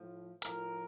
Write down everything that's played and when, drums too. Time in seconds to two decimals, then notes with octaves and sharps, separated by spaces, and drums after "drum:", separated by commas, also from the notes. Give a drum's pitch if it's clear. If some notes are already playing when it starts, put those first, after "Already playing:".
Already playing: A2 F3
0.42 A2 F3 A#4, drum: hi-hat